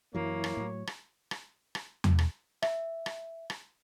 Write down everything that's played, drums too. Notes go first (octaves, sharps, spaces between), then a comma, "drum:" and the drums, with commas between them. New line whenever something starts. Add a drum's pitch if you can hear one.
F#2 E3 F#3 A#3 E4 C#5
drum: rim click
A2 F#3
drum: rim click
drum: rim click
drum: rim click
drum: tom E2
drum: rim click
E5, drum: rim click
drum: rim click
drum: rim click